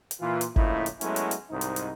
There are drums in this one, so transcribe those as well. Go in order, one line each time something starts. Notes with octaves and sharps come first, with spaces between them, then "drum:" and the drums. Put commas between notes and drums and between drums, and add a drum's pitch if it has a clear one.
drum: hi-hat
A#2 E3 F4
drum: hi-hat
A2 C#3 F3 A#3 D#4 E4, drum: kick G1
drum: hi-hat
F#3 G#3 A3 B3 C#4 E4, drum: hi-hat
drum: hi-hat
drum: hi-hat
C2 G#2 D#4
drum: hi-hat
drum: hi-hat